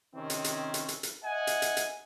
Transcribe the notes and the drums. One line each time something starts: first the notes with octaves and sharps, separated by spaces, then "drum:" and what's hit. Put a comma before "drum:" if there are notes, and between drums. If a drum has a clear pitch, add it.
C3 D#3 C4 C#4
drum: hi-hat
drum: hi-hat
drum: hi-hat
drum: hi-hat
drum: hi-hat
D#5 E5 F#5 G#5
drum: hi-hat
drum: hi-hat
drum: hi-hat